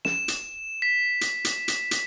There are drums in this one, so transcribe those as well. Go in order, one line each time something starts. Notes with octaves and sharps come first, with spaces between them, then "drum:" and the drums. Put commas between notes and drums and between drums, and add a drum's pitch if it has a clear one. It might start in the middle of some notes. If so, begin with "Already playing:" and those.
E7, drum: snare
drum: hi-hat
B6
drum: hi-hat
drum: hi-hat
drum: hi-hat
drum: hi-hat